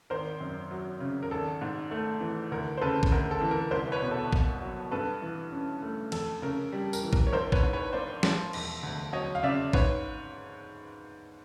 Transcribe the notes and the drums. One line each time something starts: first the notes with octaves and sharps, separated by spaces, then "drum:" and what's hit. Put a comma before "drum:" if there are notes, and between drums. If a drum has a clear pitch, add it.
G#1 A#4 C5
F#2
F#3
C#3
A#4
G#1 A4
G#2
A3
E3
D2 A#4
C5
C#3 A4 B4
drum: kick
D2 A#4
A4
E3
A#4
C2 A#4 C5
B4 C#5
B2
A4
A#3, drum: kick
F#3
G2 A4 B4
E3
C#4
A3
F2 A4, drum: cymbal
C#3 A#4
G3
A#4, drum: tambourine
E3
A#4, drum: kick
C#5
A#1 A#4 C5
B4 C#5, drum: kick
G#2
B4 C#5
A#3 C5 D5
F3, drum: snare
E1, drum: cymbal
D2
F#3 C#5 D#5
F5
C#3 D5 E5
G#2 B4 C#5, drum: kick